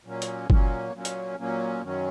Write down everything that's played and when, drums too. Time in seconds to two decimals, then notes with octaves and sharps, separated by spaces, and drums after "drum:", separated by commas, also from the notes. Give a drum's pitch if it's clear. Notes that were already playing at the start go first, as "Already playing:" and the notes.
0.05 A#2 F#3 A#3 C#4
0.22 drum: hi-hat
0.50 A#2 F#3 A#3 C#4, drum: kick F#1
0.93 A#2 F#3 A#3 C#4
1.05 drum: hi-hat
1.39 A#2 F#3 A#3 C#4
1.83 F#2 D#3 F#3 C#4